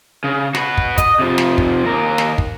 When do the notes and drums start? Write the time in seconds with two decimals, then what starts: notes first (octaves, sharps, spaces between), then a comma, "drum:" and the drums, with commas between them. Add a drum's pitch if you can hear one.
0.24 C#3
0.55 F#4 B4, drum: snare
0.77 drum: kick
0.98 D#5, drum: kick, hi-hat
1.19 C3 F3
1.38 drum: snare
1.58 drum: kick
1.85 D#2 A#4
2.18 drum: snare
2.38 drum: kick